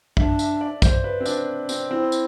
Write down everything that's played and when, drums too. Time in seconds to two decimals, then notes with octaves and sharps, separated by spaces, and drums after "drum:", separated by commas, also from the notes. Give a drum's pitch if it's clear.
0.17 D4 E5, drum: kick
0.39 E5, drum: tambourine
0.61 D5
0.82 C5, drum: kick, tambourine
1.04 B4
1.20 C4
1.26 D4, drum: tambourine
1.69 C4, drum: tambourine
1.90 C4 E4
2.12 drum: tambourine